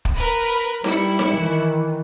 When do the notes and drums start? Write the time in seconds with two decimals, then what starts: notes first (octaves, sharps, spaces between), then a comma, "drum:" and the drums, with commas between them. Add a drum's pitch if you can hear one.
0.05 drum: kick
0.15 A#4 B4 B5
0.84 G3 E4 C#7, drum: snare D#4
1.19 drum: snare D#4
1.36 D#3 E3